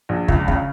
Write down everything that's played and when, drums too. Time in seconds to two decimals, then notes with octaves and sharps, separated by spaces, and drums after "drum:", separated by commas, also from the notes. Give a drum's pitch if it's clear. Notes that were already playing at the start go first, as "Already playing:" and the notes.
0.09 A#1
0.28 C#2, drum: kick
0.48 C#3, drum: kick